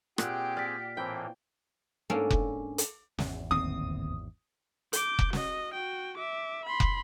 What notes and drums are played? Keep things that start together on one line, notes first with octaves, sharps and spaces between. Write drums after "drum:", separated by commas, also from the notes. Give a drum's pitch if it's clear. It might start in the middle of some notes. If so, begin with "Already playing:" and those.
A#2 C4 G4 G#4 F#5 G5, drum: rim click
D5 F6 B6
A2 E3 A#3 C4 G5
G#2 A#3 C#4 D4 A4
drum: kick F1
drum: hi-hat
G#1 E2, drum: snare
D1 D#2 C4 D#6
D6 G6, drum: hi-hat
drum: kick F1
F#4 D#5, drum: snare
F#4 G5
E5 D6
B5 C6
drum: kick F1